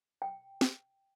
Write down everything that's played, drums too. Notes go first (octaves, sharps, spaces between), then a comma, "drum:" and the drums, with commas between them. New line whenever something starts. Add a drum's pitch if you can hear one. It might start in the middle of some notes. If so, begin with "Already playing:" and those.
G5
drum: snare